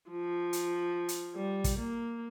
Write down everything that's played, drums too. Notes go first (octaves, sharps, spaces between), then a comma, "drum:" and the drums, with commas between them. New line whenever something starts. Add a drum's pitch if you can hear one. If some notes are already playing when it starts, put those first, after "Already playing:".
F3
drum: hi-hat
drum: hi-hat
G3
drum: kick, hi-hat
A#3